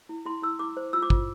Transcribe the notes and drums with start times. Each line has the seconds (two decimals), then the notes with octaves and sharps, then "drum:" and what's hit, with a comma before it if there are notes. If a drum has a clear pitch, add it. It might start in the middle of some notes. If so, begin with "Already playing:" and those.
0.09 E4
0.25 E4 C6
0.42 E4 E6
0.59 E4 D6
0.77 C5
0.93 F4 E6
1.02 D6
1.10 F4, drum: kick